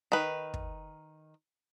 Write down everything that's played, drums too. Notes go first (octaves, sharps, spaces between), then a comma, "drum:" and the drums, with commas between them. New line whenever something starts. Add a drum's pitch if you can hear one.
D#3 B4
drum: kick